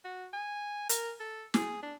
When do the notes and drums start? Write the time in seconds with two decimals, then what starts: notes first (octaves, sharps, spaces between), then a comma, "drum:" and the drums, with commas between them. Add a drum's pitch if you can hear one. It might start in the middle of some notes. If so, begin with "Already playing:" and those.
0.05 F#4
0.33 G#5
0.89 A#4, drum: hi-hat
1.20 A4
1.54 G#4, drum: snare
1.83 D4